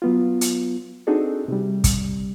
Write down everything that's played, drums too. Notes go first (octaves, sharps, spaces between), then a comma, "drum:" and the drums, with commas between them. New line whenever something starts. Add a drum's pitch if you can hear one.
F#3 B3 F4
drum: hi-hat
C4 D4 D#4 F#4 G#4 A4
C3 G3
drum: kick, hi-hat